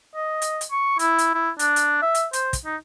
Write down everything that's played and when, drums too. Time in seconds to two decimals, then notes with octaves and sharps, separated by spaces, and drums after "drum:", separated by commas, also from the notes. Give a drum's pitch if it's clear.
0.15 D#5
0.42 drum: hi-hat
0.61 drum: hi-hat
0.72 C#6
0.99 E4, drum: hi-hat
1.18 drum: hi-hat
1.34 E4
1.59 D4, drum: hi-hat
1.76 drum: hi-hat
2.02 E5
2.15 drum: hi-hat
2.33 C5, drum: hi-hat
2.53 drum: kick, hi-hat
2.66 D#4